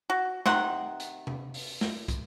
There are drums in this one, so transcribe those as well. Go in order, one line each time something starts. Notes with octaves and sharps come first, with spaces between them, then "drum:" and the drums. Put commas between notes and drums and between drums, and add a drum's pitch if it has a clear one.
F#4
C3 D#3 F#5 C6, drum: snare
drum: hi-hat
drum: tom C3
drum: open hi-hat
drum: snare
drum: kick, hi-hat